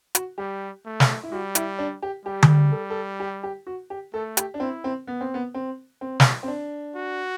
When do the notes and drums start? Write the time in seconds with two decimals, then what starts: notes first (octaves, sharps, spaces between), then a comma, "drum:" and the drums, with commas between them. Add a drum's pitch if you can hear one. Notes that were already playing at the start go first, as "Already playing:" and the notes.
0.15 F#4, drum: hi-hat
0.38 G3 G4
0.85 A3
1.00 drum: snare
1.23 E4
1.31 G3 F#4
1.55 E4, drum: hi-hat
1.79 D4
2.03 G4
2.25 G3 G4
2.43 drum: tom D3
2.72 A4
2.90 A4
3.20 G4
3.43 G4
3.67 F#4
3.90 G4
4.14 A3 A4
4.37 G4, drum: hi-hat
4.54 D4
4.60 C4 E4
4.84 C4
5.07 B3
5.21 C4
5.34 B3
5.54 C4
6.01 C4
6.20 drum: snare
6.43 C4
6.48 D4
6.96 F#4